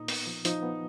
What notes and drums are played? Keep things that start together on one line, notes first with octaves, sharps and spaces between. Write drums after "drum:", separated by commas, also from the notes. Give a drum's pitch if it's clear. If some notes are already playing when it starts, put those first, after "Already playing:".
Already playing: A#2 D#4
B3, drum: open hi-hat
F3
F3 D#4, drum: hi-hat
B3